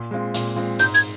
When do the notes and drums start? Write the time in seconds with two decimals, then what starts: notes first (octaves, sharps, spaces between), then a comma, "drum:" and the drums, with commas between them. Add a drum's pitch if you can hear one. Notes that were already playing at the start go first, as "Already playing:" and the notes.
Already playing: A#2
0.11 G#3 C4 F4
0.34 A#2, drum: hi-hat
0.56 G#3 C4 F4
0.79 G#2 G6, drum: hi-hat
0.94 G#6, drum: hi-hat